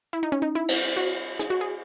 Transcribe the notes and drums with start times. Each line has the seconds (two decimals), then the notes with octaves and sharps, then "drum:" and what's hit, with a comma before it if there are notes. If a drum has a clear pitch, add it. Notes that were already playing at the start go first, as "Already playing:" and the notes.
0.13 E4
0.23 D#4
0.32 C#4
0.42 D#4
0.55 E4
0.69 drum: cymbal
0.96 F#4
1.39 G#4, drum: hi-hat
1.50 F#4
1.61 G#4